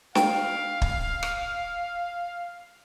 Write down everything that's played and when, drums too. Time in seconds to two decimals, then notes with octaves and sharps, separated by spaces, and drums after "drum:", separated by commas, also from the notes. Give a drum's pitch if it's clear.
0.15 F5 G5, drum: snare
0.82 drum: kick
1.23 drum: rim click